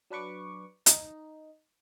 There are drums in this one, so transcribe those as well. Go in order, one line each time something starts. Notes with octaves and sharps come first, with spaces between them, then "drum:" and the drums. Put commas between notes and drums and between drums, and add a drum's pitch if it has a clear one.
F#3 D4 B4 C#6 D6
D#4, drum: hi-hat